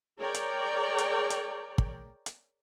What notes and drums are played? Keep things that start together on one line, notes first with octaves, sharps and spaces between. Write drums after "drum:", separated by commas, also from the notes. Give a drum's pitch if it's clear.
G#4 A#4 C#5 D5 G5 A#5
drum: hi-hat
drum: hi-hat
drum: hi-hat
drum: kick
drum: hi-hat